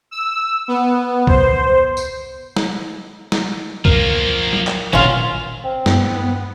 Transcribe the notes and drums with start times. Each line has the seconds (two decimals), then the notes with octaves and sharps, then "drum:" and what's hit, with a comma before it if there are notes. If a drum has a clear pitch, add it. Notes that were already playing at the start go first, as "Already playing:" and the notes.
0.11 E6
0.68 B3
1.27 C5, drum: kick C2
1.97 drum: tambourine
2.56 drum: snare
3.32 drum: snare
3.85 F3 A#3 A#4, drum: kick C2
4.53 drum: tom F#3
4.67 drum: clap
4.93 A#1 F#3 C#4 F4, drum: tom D#3
5.64 C4
5.86 G2 B3, drum: snare